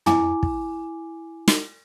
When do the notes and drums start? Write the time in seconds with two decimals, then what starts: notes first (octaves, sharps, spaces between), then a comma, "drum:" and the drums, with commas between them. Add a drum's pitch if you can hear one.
0.06 E4 G#5 D6, drum: tom
0.43 drum: kick
1.48 drum: snare